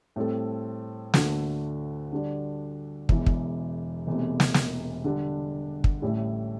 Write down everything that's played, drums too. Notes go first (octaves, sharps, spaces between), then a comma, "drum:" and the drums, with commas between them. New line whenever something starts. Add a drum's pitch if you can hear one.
A2 G3 C4 A4
D2 D3 A3, drum: snare
D3 G3 D4
E1 E2 E3, drum: kick
drum: kick
E1 E2 C3 A3
drum: snare
drum: snare
D3 G3 D4
drum: kick
A1 A2 G3 E4